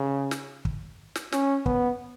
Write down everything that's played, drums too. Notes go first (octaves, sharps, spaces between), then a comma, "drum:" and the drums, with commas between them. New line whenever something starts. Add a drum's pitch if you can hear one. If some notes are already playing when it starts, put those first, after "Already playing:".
Already playing: C#3
drum: snare
drum: kick
drum: snare
C#4, drum: snare
B3, drum: kick